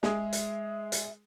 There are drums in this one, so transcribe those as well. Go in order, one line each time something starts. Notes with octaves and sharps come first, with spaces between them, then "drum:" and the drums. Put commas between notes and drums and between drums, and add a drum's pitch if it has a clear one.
G#3 G#4 E5, drum: snare
drum: hi-hat
drum: hi-hat